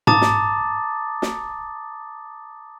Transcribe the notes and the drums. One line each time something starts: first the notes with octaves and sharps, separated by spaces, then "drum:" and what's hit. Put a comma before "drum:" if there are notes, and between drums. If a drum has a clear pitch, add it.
A5 A#5 D6 D#6 A6, drum: tom G#2
drum: snare
drum: snare